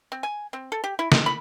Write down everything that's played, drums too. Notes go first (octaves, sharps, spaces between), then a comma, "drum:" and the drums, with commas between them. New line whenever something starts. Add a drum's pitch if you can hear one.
C4
G#5
C4
A4
G4
E4
G#3, drum: snare
B5